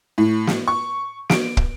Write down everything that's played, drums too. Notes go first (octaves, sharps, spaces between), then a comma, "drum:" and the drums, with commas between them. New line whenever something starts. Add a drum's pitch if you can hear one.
A2
drum: snare
C#6
D7, drum: snare
drum: kick